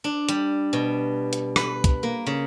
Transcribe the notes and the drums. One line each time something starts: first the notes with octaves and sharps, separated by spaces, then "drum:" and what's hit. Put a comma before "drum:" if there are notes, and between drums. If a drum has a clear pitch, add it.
D4
G3, drum: hi-hat
B2
drum: hi-hat
B4, drum: rim click
drum: kick, hi-hat
A#3
C#3